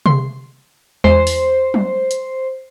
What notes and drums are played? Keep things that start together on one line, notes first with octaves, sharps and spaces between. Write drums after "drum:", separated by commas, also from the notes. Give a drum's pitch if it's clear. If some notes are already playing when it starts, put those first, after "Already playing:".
C6, drum: tom C3
E2 G#3 C5
drum: open hi-hat
drum: tom F#3
drum: hi-hat